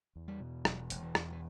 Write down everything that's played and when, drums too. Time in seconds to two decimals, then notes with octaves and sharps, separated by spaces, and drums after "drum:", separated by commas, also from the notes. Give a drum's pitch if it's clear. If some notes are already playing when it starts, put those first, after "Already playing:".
0.16 E2
0.28 G3
0.40 B2
0.65 E1 F#3, drum: rim click
0.90 E1, drum: hi-hat
1.03 E3
1.15 E2, drum: rim click
1.32 E3